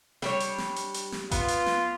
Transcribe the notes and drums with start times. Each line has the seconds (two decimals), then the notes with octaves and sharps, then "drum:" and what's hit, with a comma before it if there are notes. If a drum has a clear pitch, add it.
0.22 G3 D4 C#5, drum: snare
0.40 drum: hi-hat
0.58 drum: snare
0.76 drum: hi-hat
0.94 drum: hi-hat
1.12 drum: snare
1.31 B3 F4, drum: kick G#1, hi-hat
1.48 drum: hi-hat
1.66 drum: snare